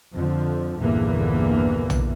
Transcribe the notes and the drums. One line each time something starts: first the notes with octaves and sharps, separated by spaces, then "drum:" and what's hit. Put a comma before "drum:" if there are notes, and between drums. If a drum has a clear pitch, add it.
F2 D3 F3
A#1 E2 G2 D3 E3 A#3
drum: tom